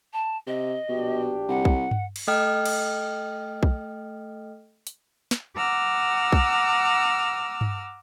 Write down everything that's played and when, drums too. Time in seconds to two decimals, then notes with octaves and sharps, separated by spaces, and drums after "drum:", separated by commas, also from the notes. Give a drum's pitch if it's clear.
0.13 A5
0.47 C3 D#5
0.89 A#1 B2 D4 G4
1.48 C2 F#5
1.65 drum: kick B1
1.91 drum: tom G2
2.16 drum: cymbal
2.27 A3 A4 D#5 G5 F6
2.66 drum: cymbal
3.63 drum: kick B1
4.87 drum: hi-hat
5.31 drum: snare
5.55 F#5 A#5 D6 E6 F6
6.32 drum: kick B1
7.61 drum: tom G2